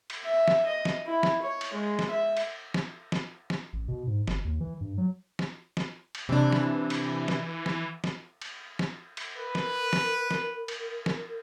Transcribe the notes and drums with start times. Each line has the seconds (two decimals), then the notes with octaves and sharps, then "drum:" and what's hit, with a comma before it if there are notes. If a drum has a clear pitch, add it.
0.10 drum: cymbal
0.24 E5
0.48 drum: snare
0.66 D#5
0.85 drum: snare
1.06 E4
1.23 drum: snare
1.42 C#5
1.61 drum: cymbal
1.74 G#3
1.99 drum: snare
2.10 E5
2.37 drum: cymbal
2.74 drum: snare
3.12 drum: snare
3.50 drum: snare
3.73 A1
3.88 B2
4.07 G#2
4.28 G1, drum: snare
4.45 D#2
4.60 E3
4.81 G2
4.97 F#3
5.39 drum: snare
5.77 drum: snare
6.15 drum: cymbal
6.29 C3 E3 D4
6.52 drum: snare
6.90 drum: cymbal
7.28 drum: snare
7.66 drum: snare
8.04 drum: snare
8.42 drum: cymbal
8.79 drum: snare
9.17 drum: cymbal
9.37 A#4 B4
9.55 drum: snare
9.93 drum: snare
10.31 drum: snare
10.68 drum: cymbal
11.06 drum: snare